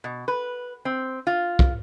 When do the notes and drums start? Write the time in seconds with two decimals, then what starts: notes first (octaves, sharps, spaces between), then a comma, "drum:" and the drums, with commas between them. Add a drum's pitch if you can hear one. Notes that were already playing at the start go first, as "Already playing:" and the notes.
0.04 B2
0.28 B4
0.85 C4
1.27 F4
1.59 drum: kick